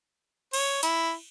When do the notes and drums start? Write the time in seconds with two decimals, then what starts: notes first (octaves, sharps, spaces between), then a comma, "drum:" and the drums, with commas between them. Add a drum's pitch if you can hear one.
0.53 C#5, drum: cymbal
0.83 E4, drum: hi-hat